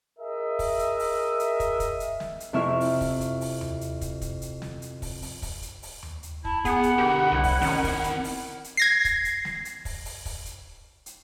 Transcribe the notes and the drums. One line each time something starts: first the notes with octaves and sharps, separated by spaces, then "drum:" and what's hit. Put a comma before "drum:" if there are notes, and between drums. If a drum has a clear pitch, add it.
G#4 A#4 D#5 E5
drum: kick, open hi-hat
drum: hi-hat
drum: open hi-hat
drum: hi-hat
drum: kick, hi-hat
drum: kick, hi-hat
drum: hi-hat
drum: snare
drum: hi-hat
F2 C3 E4 E5 C#6 F6
drum: open hi-hat
drum: kick, open hi-hat
drum: hi-hat
drum: open hi-hat
drum: tom D#2
drum: hi-hat
drum: kick, hi-hat
drum: kick, hi-hat
drum: hi-hat
drum: snare
drum: hi-hat
drum: kick, open hi-hat
drum: open hi-hat
drum: kick, open hi-hat
drum: hi-hat
drum: open hi-hat
drum: tom D#2
drum: hi-hat
E4 A5, drum: kick
B3 G#4 F#5, drum: kick, hi-hat
drum: hi-hat
D3 G4 A#4
C2
drum: kick, open hi-hat
D#3 C#4 C#5, drum: open hi-hat
C4 A#4, drum: kick, open hi-hat
drum: hi-hat
drum: open hi-hat
drum: hi-hat
G#6 A#6 C7
drum: kick, hi-hat
drum: hi-hat
drum: snare
drum: hi-hat
drum: kick, open hi-hat
drum: open hi-hat
drum: kick, open hi-hat
drum: hi-hat
drum: hi-hat